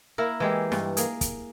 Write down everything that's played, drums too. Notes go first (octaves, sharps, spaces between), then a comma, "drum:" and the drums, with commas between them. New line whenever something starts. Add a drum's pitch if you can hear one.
A#3 E4 A#4
E3 G#3 G4
G2, drum: snare
A#3 G#4, drum: hi-hat
drum: kick, hi-hat